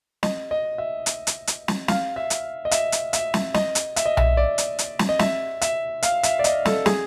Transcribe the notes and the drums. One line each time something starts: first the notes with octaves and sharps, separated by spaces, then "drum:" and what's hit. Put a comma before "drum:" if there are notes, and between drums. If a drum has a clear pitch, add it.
D#5, drum: snare
D#5
E5
drum: hi-hat
drum: hi-hat
drum: hi-hat
drum: snare
F5, drum: snare
E5
drum: hi-hat
D#5
E5, drum: hi-hat
drum: hi-hat
E5, drum: hi-hat
drum: snare
D#5, drum: snare
drum: hi-hat
E5, drum: hi-hat
D#5
E5, drum: tom B1
D5
drum: hi-hat
drum: hi-hat
drum: snare
D#5
E5, drum: snare
E5, drum: hi-hat
F5, drum: hi-hat
E5, drum: hi-hat
D5
D#5, drum: hi-hat
A4, drum: snare
G#4, drum: snare